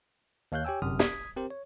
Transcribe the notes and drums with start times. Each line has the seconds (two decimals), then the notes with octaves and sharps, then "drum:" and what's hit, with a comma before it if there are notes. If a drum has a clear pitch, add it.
0.52 D#2 C#5 F5 F#6 G6
0.65 G4 C#5 G5 G#5 E6
0.82 G1 F#2 C3 D#6 F6
0.99 D#6 G#6 B6, drum: snare
1.36 C4 G4 A#4 C5
1.50 C#5